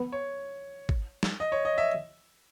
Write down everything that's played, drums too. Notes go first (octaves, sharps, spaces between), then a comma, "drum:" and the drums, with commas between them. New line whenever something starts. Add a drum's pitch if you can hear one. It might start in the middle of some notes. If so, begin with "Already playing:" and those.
Already playing: B3
C#5
drum: kick G#1
drum: snare
D#5
C#5
D#5
E5